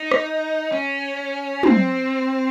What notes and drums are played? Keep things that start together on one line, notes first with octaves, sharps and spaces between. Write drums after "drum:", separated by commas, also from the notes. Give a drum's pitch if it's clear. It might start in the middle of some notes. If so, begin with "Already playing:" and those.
Already playing: D#4
drum: rim click
C#4
C4, drum: tom